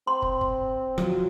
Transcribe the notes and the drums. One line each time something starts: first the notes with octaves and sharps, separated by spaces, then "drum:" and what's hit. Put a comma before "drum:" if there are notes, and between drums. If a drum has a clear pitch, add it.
C4 C6
drum: kick
drum: kick
F3 F#3, drum: rim click